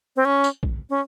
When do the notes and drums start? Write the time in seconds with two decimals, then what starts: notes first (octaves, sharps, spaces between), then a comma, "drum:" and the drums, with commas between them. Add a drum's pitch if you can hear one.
0.16 C4
0.25 C#4
0.44 drum: tambourine
0.63 drum: kick A#1
0.90 C#4